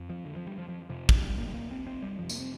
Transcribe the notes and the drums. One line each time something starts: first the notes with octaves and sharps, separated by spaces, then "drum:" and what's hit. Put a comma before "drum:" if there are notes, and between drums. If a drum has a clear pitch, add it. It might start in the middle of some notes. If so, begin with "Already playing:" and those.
Already playing: F2
F3
D3
F3
G3
F3
F3
F2 C3 F3
drum: kick
G3
A#3
G3
A#3
C4
C4
G3
F2 C3 F3
A#3, drum: tambourine
C4